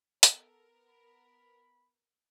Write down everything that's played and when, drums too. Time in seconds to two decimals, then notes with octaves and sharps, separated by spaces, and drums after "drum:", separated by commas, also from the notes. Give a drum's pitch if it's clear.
0.23 B3 A4 A#4, drum: hi-hat
0.89 B5